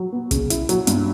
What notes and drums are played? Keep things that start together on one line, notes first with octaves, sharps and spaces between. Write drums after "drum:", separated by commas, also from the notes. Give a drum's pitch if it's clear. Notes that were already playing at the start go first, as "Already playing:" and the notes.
Already playing: F#3
B3
C#3, drum: kick, hi-hat
E4, drum: hi-hat
F#3, drum: hi-hat
G2, drum: hi-hat